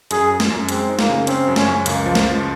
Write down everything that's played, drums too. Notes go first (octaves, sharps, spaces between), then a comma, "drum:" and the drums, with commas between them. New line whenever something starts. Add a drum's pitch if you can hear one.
F#2 G#4, drum: hi-hat
F#2
drum: snare
F#2
G#3 C4, drum: hi-hat
D#4
A#3, drum: snare
C#3
C4 C#4, drum: hi-hat
F#2
C#4, drum: snare
F#2
C#2 A#3, drum: hi-hat
F3
drum: snare
C#2